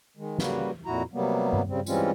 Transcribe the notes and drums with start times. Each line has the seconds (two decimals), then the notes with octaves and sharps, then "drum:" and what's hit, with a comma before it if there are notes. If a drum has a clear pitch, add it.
0.17 D#3 G#3
0.38 C#3 G3 A#3 F#4 B4, drum: snare
0.85 F2 A#2 E4 F#4 A#5
1.13 C3 F#3 G3 A#3 B3
1.53 drum: tom G2
1.68 C#3 G3 C4
1.86 E3 G3 G#3 C4 C#4 F4, drum: tambourine